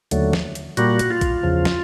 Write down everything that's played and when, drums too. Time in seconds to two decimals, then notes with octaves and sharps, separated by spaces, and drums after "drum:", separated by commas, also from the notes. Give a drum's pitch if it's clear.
0.11 D#2 D3 F#3 A3, drum: hi-hat
0.33 drum: snare
0.55 drum: hi-hat
0.77 A#2 G3 A#3 F#4, drum: hi-hat
0.99 drum: hi-hat
1.10 F4
1.21 drum: kick, hi-hat
1.43 E2 C#3 F3
1.65 drum: snare